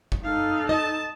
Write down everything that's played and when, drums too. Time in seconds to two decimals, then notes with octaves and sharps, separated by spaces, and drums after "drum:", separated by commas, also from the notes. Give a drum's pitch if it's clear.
0.12 drum: kick F#1
0.23 D#4 A4 F5
0.69 D#5 A5